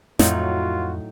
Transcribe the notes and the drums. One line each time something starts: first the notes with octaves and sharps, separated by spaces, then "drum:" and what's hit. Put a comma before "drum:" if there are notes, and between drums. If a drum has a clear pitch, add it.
F2 A2 F#3 D#4 F4 F#4, drum: snare